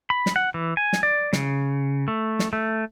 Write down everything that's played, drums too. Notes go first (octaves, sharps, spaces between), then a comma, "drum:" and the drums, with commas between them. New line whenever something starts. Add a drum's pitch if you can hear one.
B5
drum: snare
F#5
E3
G#5
drum: snare
D5
C#3, drum: snare
A3
drum: snare
A3